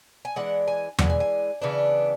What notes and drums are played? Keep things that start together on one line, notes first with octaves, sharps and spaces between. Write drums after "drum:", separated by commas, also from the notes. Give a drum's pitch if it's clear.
G#5
E3 G#3 D4 F#5
G#5
E3 G#3 D4 F#5, drum: tom E2
G#5
G#5
C#3 E3 B3 D4